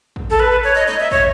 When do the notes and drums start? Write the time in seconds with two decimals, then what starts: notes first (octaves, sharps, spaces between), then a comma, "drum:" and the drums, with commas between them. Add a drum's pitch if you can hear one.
0.16 drum: kick
0.30 A4
0.40 B4
0.64 C#5
0.75 D#5
0.88 D#5, drum: snare
1.00 E5
1.11 C#5, drum: kick